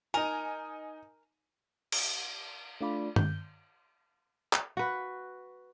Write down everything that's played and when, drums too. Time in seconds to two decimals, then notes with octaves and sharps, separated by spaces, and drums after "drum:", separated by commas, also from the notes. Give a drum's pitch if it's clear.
0.14 D#4 A#4 G#5
1.92 drum: cymbal
2.81 A3 D4 F4 D5 B5
3.16 G6, drum: tom G2
4.53 drum: clap
4.77 F#4 B4